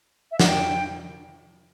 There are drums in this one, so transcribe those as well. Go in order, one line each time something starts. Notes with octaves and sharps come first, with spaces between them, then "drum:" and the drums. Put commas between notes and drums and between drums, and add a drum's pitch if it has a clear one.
E5
F#5, drum: snare
G5